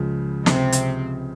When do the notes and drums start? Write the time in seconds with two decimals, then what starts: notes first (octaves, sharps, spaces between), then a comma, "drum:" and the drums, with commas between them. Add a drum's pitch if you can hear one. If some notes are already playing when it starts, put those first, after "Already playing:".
Already playing: C#2 C#3 F3
0.46 C3 C4, drum: snare
0.72 drum: hi-hat